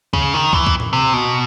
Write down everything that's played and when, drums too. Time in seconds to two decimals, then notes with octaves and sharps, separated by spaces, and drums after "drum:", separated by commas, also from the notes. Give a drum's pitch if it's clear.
0.13 C#3, drum: kick
0.34 D#3
0.53 E3, drum: kick
0.67 drum: kick
0.80 drum: tom A2
0.93 C3
1.13 B2